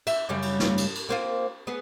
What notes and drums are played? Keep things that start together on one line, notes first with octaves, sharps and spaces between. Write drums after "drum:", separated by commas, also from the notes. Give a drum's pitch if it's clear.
E5, drum: cymbal
F#2 C#3 G3
drum: cymbal
drum: snare
drum: cymbal
drum: cymbal
A#3 C4 F4
B3 G#4